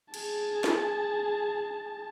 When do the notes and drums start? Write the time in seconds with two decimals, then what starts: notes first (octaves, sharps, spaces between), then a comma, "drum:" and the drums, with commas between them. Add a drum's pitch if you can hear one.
0.14 G#4 A5, drum: cymbal
0.64 drum: snare